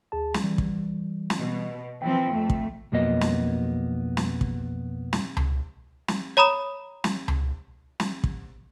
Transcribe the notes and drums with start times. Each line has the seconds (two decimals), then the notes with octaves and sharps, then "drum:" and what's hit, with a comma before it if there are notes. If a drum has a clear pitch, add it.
0.12 D2 G#4 A5
0.34 drum: snare
0.44 E3 G3
0.58 drum: kick
1.30 drum: snare
1.39 B2
2.02 E3 F3 C4 G5
2.31 F2 A3
2.50 drum: kick
2.92 B1 F2 F#3 A#3 B3 D#5
3.21 drum: snare
4.17 drum: snare
4.41 drum: kick
5.13 drum: snare
5.37 drum: tom C#2
6.08 drum: snare
6.37 C#5 A#5 B5 D#6 E7
7.04 drum: snare
7.28 drum: tom C#2
8.00 drum: snare
8.24 drum: kick